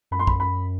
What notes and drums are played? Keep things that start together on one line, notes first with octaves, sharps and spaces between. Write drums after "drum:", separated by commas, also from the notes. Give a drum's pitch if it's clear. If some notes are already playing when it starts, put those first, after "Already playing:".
F#2 B5
C6
B5, drum: kick
B5